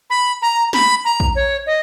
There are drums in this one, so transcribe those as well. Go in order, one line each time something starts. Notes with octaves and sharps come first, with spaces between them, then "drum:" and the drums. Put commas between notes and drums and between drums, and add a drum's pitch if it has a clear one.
B5
A#5
B5, drum: snare
A#5
drum: kick A#1
C#5
D#5